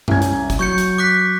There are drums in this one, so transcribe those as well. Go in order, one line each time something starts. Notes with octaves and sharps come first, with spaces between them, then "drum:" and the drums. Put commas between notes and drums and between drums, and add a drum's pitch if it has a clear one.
C2 C#4 G#6, drum: tom F#2
drum: hi-hat
drum: kick, hi-hat
F#3 C#6 G6 C#7
drum: hi-hat
D6 F#6 B6